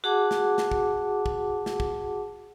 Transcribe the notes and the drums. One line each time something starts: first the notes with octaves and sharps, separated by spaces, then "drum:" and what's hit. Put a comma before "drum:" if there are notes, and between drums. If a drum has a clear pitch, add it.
F#4 G#4 F#5 A5 D6
drum: snare
drum: snare
drum: kick
drum: kick
drum: snare
drum: kick